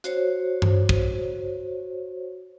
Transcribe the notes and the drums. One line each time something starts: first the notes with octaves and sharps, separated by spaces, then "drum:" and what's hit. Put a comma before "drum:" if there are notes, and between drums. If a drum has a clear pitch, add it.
F#4 C5 C#5, drum: hi-hat
drum: tom G2
drum: kick